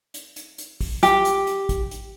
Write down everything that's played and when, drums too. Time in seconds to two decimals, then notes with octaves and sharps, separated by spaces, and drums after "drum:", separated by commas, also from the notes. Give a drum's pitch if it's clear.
0.14 drum: hi-hat
0.36 drum: hi-hat
0.58 drum: hi-hat
0.81 drum: kick G#1, open hi-hat
1.03 G4, drum: hi-hat
1.25 drum: hi-hat
1.47 drum: hi-hat
1.69 drum: kick G#1, hi-hat
1.91 drum: hi-hat